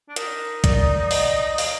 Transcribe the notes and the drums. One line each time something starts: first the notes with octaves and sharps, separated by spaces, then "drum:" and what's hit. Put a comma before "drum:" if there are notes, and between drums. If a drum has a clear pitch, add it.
D4
D#4 A#4, drum: hi-hat
D5, drum: kick, hi-hat
D5
D#5, drum: open hi-hat
F5, drum: open hi-hat